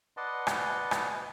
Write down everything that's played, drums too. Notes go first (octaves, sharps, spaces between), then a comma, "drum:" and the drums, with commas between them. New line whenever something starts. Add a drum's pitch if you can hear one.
B4 D5 D#5 F#5 A5 C6
drum: rim click
drum: rim click